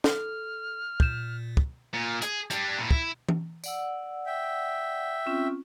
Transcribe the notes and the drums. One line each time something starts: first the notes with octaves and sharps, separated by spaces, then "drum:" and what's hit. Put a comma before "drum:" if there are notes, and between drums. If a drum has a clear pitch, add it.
A4 F6, drum: snare
A#2 G6 E7, drum: kick
drum: kick
A#2
G#4, drum: hi-hat
G3 D4, drum: hi-hat
A#2 E4
E4, drum: kick
drum: tom E3
D5 F#5 E6, drum: tambourine
E5 G5
C4 C#4 F4